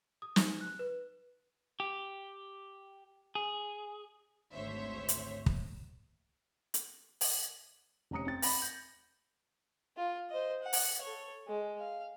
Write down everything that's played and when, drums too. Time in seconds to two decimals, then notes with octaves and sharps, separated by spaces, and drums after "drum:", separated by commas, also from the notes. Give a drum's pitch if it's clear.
0.22 D#6
0.36 D#4, drum: snare
0.61 F#6
0.79 B4
1.80 G4
3.35 G#4
4.53 G#1 D2 C5 C#5 E5
5.09 drum: hi-hat
5.46 drum: kick
6.74 drum: hi-hat
7.21 drum: open hi-hat
8.11 F1 C#4 A#5 D#6 C#7
8.27 C4 A6
8.42 B5 A#6, drum: open hi-hat
8.62 G6
9.97 F4
10.30 C5 D#5
10.63 F#5
10.73 drum: open hi-hat
11.02 A4 C#5
11.47 G#3
11.80 F5